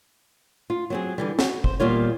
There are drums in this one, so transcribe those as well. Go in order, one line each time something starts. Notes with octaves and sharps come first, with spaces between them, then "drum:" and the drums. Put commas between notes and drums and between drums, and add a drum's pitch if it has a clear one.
F4
F#3 C4 G#4
D3 E3 G3
F#4, drum: snare
C5, drum: kick
E2 A#2 G3 F4 C#5